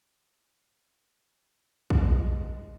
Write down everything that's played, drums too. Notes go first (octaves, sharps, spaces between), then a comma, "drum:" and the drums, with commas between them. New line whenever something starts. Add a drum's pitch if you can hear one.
G#3, drum: kick